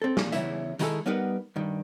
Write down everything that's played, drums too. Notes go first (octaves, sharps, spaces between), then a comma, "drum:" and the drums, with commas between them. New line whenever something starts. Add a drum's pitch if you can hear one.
C4 A4
A#2, drum: snare
E2 C#3 E4 E5, drum: hi-hat
D#3 G#3 E4 F#4 G#4 A4, drum: hi-hat
G3 B3 D#4 A#4 B4 F#5
G2 D#3